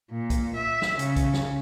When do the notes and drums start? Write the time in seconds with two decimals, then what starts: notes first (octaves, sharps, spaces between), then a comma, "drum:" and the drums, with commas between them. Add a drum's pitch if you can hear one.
0.11 A#2
0.30 drum: kick, hi-hat
0.56 E5
0.82 drum: snare
0.99 C#3, drum: hi-hat
1.16 drum: kick, hi-hat
1.34 drum: snare